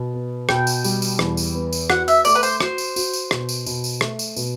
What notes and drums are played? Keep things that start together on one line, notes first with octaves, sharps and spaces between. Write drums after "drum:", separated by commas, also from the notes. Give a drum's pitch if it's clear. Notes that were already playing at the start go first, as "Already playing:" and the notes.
Already playing: B2
B3
B2 G5, drum: rim click
drum: tambourine
G3, drum: tambourine
drum: tambourine
E2, drum: rim click
drum: tambourine
B3
drum: tambourine
F#4 F#5, drum: rim click
E5, drum: tambourine
A3 D5, drum: tambourine
B4
C5, drum: tambourine
F#4 C5, drum: rim click
drum: tambourine
F#4, drum: tambourine
drum: tambourine
B2, drum: rim click
drum: tambourine
B2, drum: tambourine
drum: tambourine
A3, drum: rim click
drum: tambourine
B2, drum: tambourine